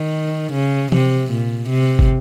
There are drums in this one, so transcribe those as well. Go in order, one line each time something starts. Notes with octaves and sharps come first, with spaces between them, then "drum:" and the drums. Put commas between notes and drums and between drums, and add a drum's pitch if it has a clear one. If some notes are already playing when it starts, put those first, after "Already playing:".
Already playing: D#3
C#3
C3, drum: tom
A#2
C3
drum: kick